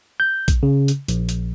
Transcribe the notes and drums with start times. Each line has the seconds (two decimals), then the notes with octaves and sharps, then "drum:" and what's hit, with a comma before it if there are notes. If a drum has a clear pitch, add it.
0.20 G6
0.48 drum: kick A#1, hi-hat
0.63 C#3
0.88 drum: hi-hat
1.08 A#1, drum: hi-hat
1.29 drum: hi-hat